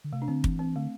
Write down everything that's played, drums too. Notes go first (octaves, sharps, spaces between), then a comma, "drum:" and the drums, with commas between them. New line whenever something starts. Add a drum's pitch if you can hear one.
D3
C3 A3
D4
D3 C4
E3, drum: kick
C4
D3 A3